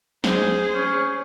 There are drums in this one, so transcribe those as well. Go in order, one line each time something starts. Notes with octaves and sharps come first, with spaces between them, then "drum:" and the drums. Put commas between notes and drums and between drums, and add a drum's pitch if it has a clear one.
G#4 C5, drum: snare
C#4